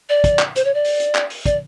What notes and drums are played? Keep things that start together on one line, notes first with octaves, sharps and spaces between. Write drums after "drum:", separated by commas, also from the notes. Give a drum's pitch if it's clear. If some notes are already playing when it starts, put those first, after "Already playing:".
D5
drum: kick, hi-hat
drum: clap
C5, drum: hi-hat
C#5
D5
drum: open hi-hat
drum: hi-hat
drum: clap
drum: open hi-hat
D5, drum: kick, hi-hat